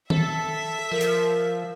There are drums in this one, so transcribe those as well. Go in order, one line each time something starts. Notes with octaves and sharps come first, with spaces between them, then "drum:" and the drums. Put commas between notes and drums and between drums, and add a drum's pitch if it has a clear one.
A4 E5 B6, drum: tom D#3
F3 A#4
drum: hi-hat